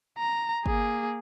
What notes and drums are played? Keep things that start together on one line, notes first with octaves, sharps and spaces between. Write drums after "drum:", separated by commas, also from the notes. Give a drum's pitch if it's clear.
A#5
A#3 G#4, drum: kick G1